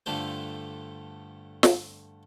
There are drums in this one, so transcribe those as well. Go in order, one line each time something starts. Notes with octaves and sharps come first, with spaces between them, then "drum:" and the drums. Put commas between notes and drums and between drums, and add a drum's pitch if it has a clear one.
G2 D3 A3 F4 C5
drum: snare